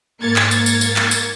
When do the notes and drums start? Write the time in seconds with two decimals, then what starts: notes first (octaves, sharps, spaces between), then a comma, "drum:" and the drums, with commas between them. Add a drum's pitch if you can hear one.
0.21 G#2 A#3 G#6 A6 C#7
0.36 drum: clap
0.51 drum: tambourine
0.66 drum: tambourine
0.81 drum: tambourine
0.96 drum: clap
1.11 drum: tambourine